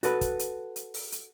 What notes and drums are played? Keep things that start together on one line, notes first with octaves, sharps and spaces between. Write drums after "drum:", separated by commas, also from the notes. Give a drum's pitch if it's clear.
F#4 A4 B4, drum: hi-hat
drum: kick, hi-hat
drum: hi-hat
drum: hi-hat
drum: open hi-hat
drum: hi-hat